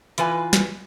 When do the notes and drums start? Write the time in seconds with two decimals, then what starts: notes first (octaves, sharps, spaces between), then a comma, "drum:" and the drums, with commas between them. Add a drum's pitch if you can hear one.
0.18 E3 F4 B4 G#5, drum: hi-hat
0.53 drum: snare